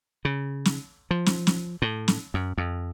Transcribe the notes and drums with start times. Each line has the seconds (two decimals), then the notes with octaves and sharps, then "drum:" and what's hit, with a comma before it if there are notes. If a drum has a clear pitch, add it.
0.25 C#3
0.65 drum: snare
1.11 F3
1.26 drum: snare
1.47 drum: snare
1.82 A2
2.08 drum: snare
2.34 F#2
2.58 F2